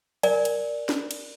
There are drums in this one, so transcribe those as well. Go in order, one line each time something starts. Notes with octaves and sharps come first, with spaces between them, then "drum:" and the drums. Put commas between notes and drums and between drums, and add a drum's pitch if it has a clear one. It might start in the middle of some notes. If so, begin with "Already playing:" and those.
A#4 D5 G#5, drum: cymbal
drum: cymbal
drum: snare
drum: cymbal